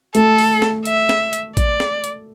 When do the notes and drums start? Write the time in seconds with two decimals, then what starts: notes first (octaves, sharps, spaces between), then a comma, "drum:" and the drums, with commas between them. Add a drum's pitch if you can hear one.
0.15 A3 A4, drum: hi-hat
0.38 drum: open hi-hat
0.62 drum: snare
0.85 E5, drum: hi-hat
1.09 drum: snare
1.33 drum: hi-hat
1.57 D5, drum: kick A1, hi-hat
1.80 drum: snare
2.04 drum: hi-hat